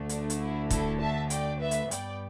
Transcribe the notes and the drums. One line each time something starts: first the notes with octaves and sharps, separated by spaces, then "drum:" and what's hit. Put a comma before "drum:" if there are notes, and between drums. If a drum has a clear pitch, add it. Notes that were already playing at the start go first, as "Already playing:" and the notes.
Already playing: D2 D3 A3
D4, drum: hi-hat
drum: hi-hat
E4
E4 A4, drum: kick, hi-hat
E5 A5
D5 G5, drum: hi-hat
B4 E5
drum: hi-hat
G2 G3 B3 D5 G5, drum: hi-hat